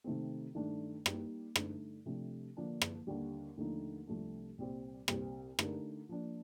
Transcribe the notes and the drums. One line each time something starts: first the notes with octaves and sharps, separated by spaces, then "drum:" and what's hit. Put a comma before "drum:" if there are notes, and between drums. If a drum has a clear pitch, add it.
C3 D#3 A3 C4
G2 D#3 A3 D4 A4
G3 A#3 D#4, drum: rim click
G2 D3 A3 D#4, drum: rim click
C3 F3 A3 D4
D3 F3 A#3 D4
drum: rim click
D#2 D3 G3
D#2 D3 F3 A3 D#4
C2 C3 F3 A3 D4
C2 A#2 G3 C4
C2 A#2 G3 C4 G4, drum: rim click
D3 A3 D#4 G4 A#4, drum: rim click
F3 A#3 D4